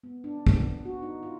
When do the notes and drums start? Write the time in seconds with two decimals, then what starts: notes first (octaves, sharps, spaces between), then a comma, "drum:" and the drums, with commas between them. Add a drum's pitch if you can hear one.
0.03 B3
0.24 D4
0.47 B3, drum: kick
0.85 F#4
1.02 D#4
1.23 F4